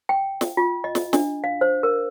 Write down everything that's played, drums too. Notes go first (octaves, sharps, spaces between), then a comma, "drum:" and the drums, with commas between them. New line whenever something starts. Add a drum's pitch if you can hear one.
G5
drum: snare
F4
D#5
drum: snare
D4, drum: snare
F5
C5
A#4